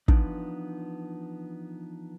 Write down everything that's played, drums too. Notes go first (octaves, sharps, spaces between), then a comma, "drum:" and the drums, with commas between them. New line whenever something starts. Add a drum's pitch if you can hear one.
E3 F3 B3 D4 D#4, drum: kick